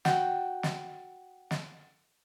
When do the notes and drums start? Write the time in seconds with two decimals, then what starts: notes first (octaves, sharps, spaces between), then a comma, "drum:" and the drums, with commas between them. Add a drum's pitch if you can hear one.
0.05 F#4 G5, drum: snare
0.63 drum: snare
1.51 drum: snare